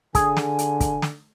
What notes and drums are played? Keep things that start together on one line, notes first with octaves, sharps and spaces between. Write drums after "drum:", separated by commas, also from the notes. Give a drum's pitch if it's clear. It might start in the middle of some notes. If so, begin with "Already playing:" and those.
D3 G#4 G#5, drum: kick, hi-hat
drum: snare
drum: hi-hat
drum: kick, hi-hat
drum: snare